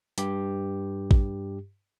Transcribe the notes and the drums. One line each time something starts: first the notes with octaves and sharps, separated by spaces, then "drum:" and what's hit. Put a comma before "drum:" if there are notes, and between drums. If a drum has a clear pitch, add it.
G2 G4, drum: hi-hat
drum: kick A1